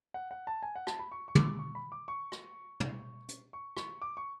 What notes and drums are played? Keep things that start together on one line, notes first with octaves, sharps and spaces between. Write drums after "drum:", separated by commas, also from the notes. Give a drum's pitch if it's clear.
F#5
F#5
A5
G#5
F#5
A5, drum: rim click
B5
C#6
C#6
D6, drum: tom
C#6
B5
D6
C#6
drum: rim click
drum: tom
drum: hi-hat
C#6
C#6, drum: rim click
D6
C#6